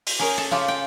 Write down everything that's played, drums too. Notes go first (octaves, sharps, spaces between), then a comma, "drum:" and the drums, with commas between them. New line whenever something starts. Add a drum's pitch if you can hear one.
drum: open hi-hat
C#4 G#4 A#4
A4
C#3 F4 G4
G5